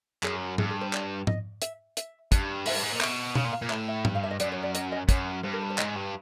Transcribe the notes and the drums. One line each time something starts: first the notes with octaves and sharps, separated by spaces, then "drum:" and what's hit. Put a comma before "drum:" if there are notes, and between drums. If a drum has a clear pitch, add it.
F#2 G#4, drum: clap
G2 G#4, drum: tom G#2
G#4
C5
D5, drum: clap
D#5, drum: tom G#2
E5, drum: hi-hat
E5, drum: hi-hat
G2, drum: kick, hi-hat
G#2 E5, drum: open hi-hat
G2
G#2
A#2 D#5
B2 E5, drum: clap
C#3 F5, drum: tom B2
A#2
F5
A#2
A2 E5, drum: clap
E5
G2, drum: tom G#2
F5
E5
D#5
F#2 D5, drum: hi-hat
C#5
D5
D#5, drum: hi-hat
D#5
F#2 C#5, drum: kick, hi-hat
G2 C5
A#4
B4
C5
G#2 D#5, drum: clap
G2